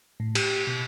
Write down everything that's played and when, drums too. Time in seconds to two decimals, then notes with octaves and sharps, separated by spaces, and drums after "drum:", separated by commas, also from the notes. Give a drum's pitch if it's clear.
0.20 A2
0.35 G4, drum: cymbal
0.67 B2